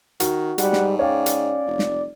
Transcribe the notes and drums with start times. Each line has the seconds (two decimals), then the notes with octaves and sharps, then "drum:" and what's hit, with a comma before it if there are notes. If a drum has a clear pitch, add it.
0.20 D#3 F#4, drum: hi-hat
0.58 G#2 G3 F#5, drum: hi-hat
0.73 drum: snare
0.99 C#4 C#5 D5 F5 G5
1.26 drum: hi-hat
1.66 F1
1.79 drum: snare